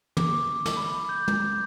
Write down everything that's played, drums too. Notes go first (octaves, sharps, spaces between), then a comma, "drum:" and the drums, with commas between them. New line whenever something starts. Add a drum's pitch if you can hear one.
D6, drum: tom
drum: snare
B5
G6
drum: tom